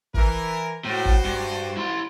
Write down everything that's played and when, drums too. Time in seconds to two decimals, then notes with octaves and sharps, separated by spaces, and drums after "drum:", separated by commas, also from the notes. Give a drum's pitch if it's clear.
0.14 E3 A#4, drum: kick
0.85 A2 F#4 C5
1.05 drum: kick
1.25 G2
1.77 E4 C6